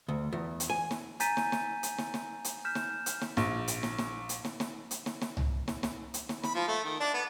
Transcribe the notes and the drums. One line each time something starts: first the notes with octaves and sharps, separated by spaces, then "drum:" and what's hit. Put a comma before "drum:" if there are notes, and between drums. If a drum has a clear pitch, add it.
D2
E2
drum: hi-hat
G#5
drum: snare
G#5 A#5 G6 A6 B6 D#7, drum: hi-hat
drum: snare
drum: snare
drum: hi-hat
drum: snare
drum: snare
drum: hi-hat
F6 G6 B6 E7
drum: snare
drum: hi-hat
drum: snare
A#1, drum: snare
drum: hi-hat
drum: snare
drum: snare
drum: hi-hat
drum: snare
drum: snare
drum: hi-hat
drum: snare
drum: snare
drum: tom C2
drum: snare
drum: snare
drum: hi-hat
drum: snare
B5, drum: snare
F3
A3
D#3
D4
B3